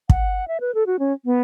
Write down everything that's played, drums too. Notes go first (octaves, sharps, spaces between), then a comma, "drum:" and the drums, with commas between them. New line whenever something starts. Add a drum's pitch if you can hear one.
F#5, drum: kick
E5
B4
A4
F#4
C#4
B3